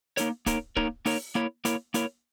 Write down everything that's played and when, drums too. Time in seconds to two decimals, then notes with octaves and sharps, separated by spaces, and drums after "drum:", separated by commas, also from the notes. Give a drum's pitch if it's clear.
0.17 A#3 D#4 A#4 C#5, drum: hi-hat
0.46 A#3 D#4 A#4 C#5, drum: kick, hi-hat
0.77 A#3 D#4 A#4 C#5, drum: kick
1.06 A#3 D#4 A#4 C#5, drum: open hi-hat
1.35 A#3 E4 A#4 C#5
1.65 A#3 E4 A#4 C#5, drum: hi-hat
1.94 A#3 E4 A#4 C#5, drum: hi-hat